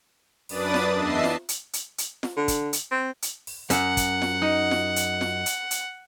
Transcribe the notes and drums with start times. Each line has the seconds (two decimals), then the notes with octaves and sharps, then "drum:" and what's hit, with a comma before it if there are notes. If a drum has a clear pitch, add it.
0.49 F#2 D4 B4 D5 D#6 A6, drum: open hi-hat
0.74 drum: snare F4
0.96 E2 D#5 E5 A5 C7
1.24 drum: snare F4
1.49 drum: hi-hat
1.73 drum: hi-hat
1.98 drum: hi-hat
2.23 drum: snare F4
2.37 D3
2.48 drum: kick, hi-hat
2.73 drum: hi-hat
2.91 C4
3.22 drum: hi-hat
3.47 drum: open hi-hat
3.70 F#2 F#5, drum: hi-hat
3.97 drum: kick, hi-hat
4.22 drum: snare F4
4.42 D#4
4.71 drum: snare F4
4.96 drum: hi-hat
5.21 drum: snare F4
5.46 drum: hi-hat
5.71 drum: hi-hat